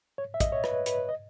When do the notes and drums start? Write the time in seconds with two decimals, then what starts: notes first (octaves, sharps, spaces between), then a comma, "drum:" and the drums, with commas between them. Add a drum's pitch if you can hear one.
0.18 C#5
0.34 E5
0.40 D#5, drum: kick, hi-hat
0.52 C#5
0.64 B4, drum: rim click
0.86 B4, drum: hi-hat
1.09 D#5